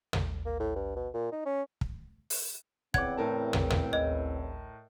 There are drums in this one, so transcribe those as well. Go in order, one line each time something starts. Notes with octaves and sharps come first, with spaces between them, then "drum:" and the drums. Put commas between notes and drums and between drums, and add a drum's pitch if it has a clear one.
drum: tom
A#3
A2
G2
B2
A#2
D#4
C#4
drum: kick
drum: open hi-hat
E2 C#3 C4 F#5 D6 G#6, drum: kick
A2 A#4 A5
drum: tom
drum: tom
D#5